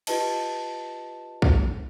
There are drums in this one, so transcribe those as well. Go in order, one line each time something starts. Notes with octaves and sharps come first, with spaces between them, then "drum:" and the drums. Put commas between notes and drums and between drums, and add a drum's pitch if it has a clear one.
F4 G4 B4 D#5 A5, drum: cymbal
drum: kick